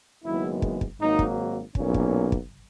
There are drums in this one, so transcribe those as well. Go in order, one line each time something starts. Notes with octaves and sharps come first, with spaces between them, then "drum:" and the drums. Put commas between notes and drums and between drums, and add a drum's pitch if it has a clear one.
F#1 F#2 D#3 G#3 B3 E4
drum: kick
drum: kick
G#1 G#2 F#3 A#3 D#4
drum: kick
B1 A#2 A#3 C#4, drum: kick
drum: kick
drum: kick